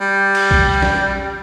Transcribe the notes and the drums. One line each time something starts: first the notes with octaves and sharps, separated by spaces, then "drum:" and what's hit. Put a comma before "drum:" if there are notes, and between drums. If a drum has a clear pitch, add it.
G3
drum: cymbal
drum: kick A#1
drum: snare